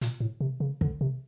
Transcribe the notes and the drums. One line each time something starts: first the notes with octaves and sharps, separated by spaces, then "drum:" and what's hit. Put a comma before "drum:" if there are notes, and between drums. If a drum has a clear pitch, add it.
A#2, drum: hi-hat
A2
C3
C#3
D3, drum: kick
C3